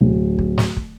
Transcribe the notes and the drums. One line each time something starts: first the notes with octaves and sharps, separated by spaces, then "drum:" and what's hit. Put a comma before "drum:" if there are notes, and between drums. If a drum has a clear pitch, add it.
D1
drum: kick
drum: snare
drum: kick